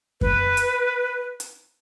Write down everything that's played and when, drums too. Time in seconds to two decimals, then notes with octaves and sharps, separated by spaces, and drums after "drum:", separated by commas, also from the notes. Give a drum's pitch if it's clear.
0.21 B4, drum: kick F#2
0.57 drum: hi-hat
1.40 drum: hi-hat